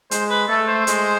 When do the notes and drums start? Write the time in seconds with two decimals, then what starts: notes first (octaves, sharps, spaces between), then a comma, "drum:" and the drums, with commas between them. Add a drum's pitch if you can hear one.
0.11 G#3 C5, drum: hi-hat
0.30 B4
0.49 A3 A4
0.68 C5
0.87 G#3, drum: hi-hat